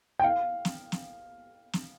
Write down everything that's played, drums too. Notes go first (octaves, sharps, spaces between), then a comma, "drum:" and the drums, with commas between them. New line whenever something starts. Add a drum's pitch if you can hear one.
G5
F5
drum: snare
drum: snare
drum: snare